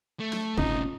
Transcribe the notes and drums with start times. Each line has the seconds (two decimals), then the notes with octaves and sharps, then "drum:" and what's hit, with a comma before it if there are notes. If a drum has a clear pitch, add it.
0.20 A3
0.33 drum: snare
0.58 A2 C3 C#4 D#4 F4, drum: kick